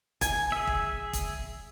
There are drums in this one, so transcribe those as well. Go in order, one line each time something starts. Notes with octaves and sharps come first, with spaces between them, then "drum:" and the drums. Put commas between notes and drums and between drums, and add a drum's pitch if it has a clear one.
G#5, drum: kick, hi-hat
G#4 E5
drum: kick
drum: kick, hi-hat